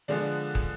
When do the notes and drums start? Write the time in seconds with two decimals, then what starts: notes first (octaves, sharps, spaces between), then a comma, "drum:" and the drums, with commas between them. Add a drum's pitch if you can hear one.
0.08 D3 F3 G#3 B3 D4
0.55 drum: kick